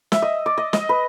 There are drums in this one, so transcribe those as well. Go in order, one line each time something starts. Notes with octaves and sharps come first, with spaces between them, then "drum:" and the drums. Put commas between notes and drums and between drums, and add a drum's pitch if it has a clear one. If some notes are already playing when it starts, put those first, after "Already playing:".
E5, drum: snare
D#5
D5
D#5
D#5, drum: snare
B4